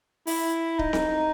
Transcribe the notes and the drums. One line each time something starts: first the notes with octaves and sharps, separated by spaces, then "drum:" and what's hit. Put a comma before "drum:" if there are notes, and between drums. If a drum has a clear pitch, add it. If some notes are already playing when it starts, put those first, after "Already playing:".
E4, drum: open hi-hat
D#4, drum: kick C#1
drum: snare C4